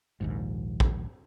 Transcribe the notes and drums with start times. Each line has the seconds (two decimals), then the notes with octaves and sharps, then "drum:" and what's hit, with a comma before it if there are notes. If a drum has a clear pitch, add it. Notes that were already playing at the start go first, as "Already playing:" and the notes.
0.21 A#1 D#2 G#2
0.80 drum: kick